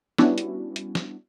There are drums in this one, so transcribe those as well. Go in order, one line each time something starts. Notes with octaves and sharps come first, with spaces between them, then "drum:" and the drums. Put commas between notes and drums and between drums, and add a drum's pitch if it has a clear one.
G3 B3 C#4 D4 E4 F#4, drum: snare
drum: hi-hat
drum: hi-hat
drum: snare